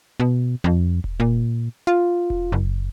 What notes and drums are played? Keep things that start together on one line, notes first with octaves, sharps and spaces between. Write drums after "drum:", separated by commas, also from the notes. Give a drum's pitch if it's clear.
B2
F2
drum: kick E1
A#2
F4
drum: kick E1
F#1